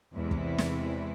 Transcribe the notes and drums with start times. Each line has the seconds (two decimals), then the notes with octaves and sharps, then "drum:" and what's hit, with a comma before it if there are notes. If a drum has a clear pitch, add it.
0.15 E2 C3 E3 G#3 E4
0.31 drum: kick
0.58 drum: snare